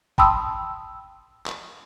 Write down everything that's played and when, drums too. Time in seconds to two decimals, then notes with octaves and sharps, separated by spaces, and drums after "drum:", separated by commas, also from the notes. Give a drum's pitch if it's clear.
0.18 G5 A5 B5 C6 D#6 E6, drum: kick
1.46 drum: clap